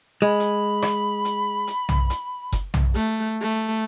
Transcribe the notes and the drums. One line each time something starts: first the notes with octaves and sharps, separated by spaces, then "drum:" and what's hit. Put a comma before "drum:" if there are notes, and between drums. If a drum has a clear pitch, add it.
G#3 B5
drum: hi-hat
drum: rim click
drum: hi-hat
drum: hi-hat
drum: tom B1
drum: hi-hat
drum: kick F#1, hi-hat
drum: tom B1
A3, drum: hi-hat
A3